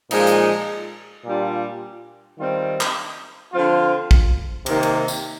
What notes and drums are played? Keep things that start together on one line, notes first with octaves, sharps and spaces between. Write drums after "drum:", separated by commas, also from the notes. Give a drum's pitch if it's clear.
A#2 F3 G#3 D#4, drum: cymbal
drum: hi-hat
A#2 G3 D4 F4
D#3 G3 C4 F4
drum: clap
D3 F3 C4 F4
drum: kick
C3 D#3 A#3, drum: cymbal
drum: cymbal
drum: tambourine